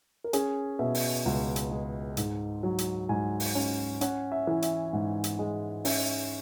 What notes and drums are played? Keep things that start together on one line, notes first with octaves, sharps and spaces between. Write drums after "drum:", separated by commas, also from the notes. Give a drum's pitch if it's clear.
A#4
C#4 G#4, drum: hi-hat
B2 E5
drum: open hi-hat
C#2 F#5
drum: hi-hat
G#3
G#2, drum: hi-hat
F#3
drum: hi-hat
G#2 G#5
drum: open hi-hat
C#4
C#4 F#5, drum: hi-hat
E5
E3
E5, drum: hi-hat
G#2
drum: hi-hat
G#3
C#4 E5, drum: open hi-hat